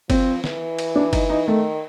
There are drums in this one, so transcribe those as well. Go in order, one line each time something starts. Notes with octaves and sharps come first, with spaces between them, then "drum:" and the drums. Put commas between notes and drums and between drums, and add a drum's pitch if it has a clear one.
F3 C4, drum: kick, cymbal
E3, drum: snare
drum: cymbal
D4
D#4, drum: kick, cymbal
D#4
D#3 A3